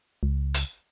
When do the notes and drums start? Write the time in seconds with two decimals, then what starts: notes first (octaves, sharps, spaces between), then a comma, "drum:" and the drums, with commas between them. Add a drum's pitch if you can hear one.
0.23 C#2
0.54 drum: hi-hat